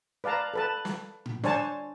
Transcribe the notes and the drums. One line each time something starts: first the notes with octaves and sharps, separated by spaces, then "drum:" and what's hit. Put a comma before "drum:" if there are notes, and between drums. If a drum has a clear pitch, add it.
B4 D5 F5 A5 A#5
A4 B4 A5
drum: snare
drum: tom A2
D4 C5 C#5 G#5 A5, drum: snare